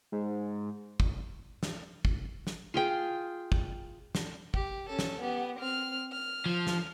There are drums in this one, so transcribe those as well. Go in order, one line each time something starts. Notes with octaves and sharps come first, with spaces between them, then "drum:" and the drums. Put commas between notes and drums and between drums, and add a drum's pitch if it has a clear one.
G#2
drum: kick
drum: snare
drum: kick
drum: snare
F4 G#4 G5
drum: kick
drum: snare
G4, drum: kick
C#4 A4
drum: snare
B3 G4
C4 F6
F6
F3
drum: snare